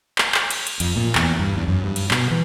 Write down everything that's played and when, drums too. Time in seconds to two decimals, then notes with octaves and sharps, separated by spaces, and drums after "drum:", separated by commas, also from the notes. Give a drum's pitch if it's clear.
0.18 drum: clap
0.34 drum: clap
0.51 drum: cymbal
0.67 drum: cymbal
0.80 F2, drum: cymbal
0.96 A#2
1.15 E2, drum: clap
1.39 G2
1.56 E2
1.68 F#2
1.84 G2
1.96 drum: cymbal
2.11 B2, drum: clap
2.31 E3